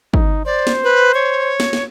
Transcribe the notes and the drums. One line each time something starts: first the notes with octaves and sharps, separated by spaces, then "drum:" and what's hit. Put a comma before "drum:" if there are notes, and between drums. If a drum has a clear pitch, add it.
D#4, drum: kick
C5 D5
drum: snare
B4
C#5
drum: snare
drum: snare